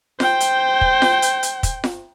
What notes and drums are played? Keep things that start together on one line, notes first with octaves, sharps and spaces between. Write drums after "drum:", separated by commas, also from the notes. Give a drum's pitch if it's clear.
C5 G5, drum: snare F4
drum: hi-hat
drum: kick
drum: snare F4
drum: hi-hat
drum: hi-hat
drum: kick, hi-hat
drum: snare F4